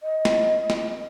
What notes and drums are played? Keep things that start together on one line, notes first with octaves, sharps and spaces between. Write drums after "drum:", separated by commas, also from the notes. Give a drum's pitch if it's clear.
D#5
drum: snare
drum: snare